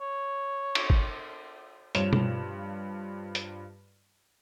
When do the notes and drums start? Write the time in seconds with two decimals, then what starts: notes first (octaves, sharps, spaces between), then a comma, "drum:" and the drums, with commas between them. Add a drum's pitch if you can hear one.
0.01 C#5
0.75 drum: cymbal
0.90 drum: kick G#1
1.95 G2 F3 F4 C#5 E7 F7, drum: hi-hat
2.13 drum: tom B2
3.35 drum: hi-hat